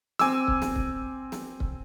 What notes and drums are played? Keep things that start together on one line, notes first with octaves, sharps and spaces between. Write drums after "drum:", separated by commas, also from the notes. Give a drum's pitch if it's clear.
C4 G#5 D6 E6, drum: snare
drum: kick C#1
drum: snare
drum: kick C#1
drum: snare
drum: kick C#1